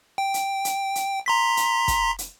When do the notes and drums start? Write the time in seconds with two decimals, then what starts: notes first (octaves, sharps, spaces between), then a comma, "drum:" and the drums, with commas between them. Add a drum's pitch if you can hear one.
0.18 G5
0.34 drum: hi-hat
0.65 drum: hi-hat
0.95 drum: hi-hat
1.26 A#5 C6 B6
1.57 drum: hi-hat
1.88 drum: kick, hi-hat
2.19 drum: hi-hat